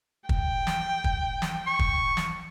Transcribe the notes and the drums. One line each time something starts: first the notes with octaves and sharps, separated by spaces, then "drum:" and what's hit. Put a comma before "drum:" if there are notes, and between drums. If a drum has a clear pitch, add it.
G5, drum: kick
drum: snare
drum: kick
drum: snare
C#6
drum: kick
drum: snare